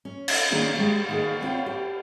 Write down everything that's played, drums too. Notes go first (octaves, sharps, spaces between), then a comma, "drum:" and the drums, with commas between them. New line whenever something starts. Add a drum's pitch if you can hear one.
C#4
drum: cymbal
D#3 A#3 C#4 D4 F4 G#4
G#3 G4
D#3 A#3 G#4
C4 C#4 F4 G5
G4